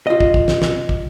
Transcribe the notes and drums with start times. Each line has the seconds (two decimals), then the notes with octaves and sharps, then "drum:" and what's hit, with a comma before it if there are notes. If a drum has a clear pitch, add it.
0.07 F4 D#5
0.20 drum: kick
0.34 drum: kick
0.48 drum: snare
0.62 drum: snare
0.89 drum: kick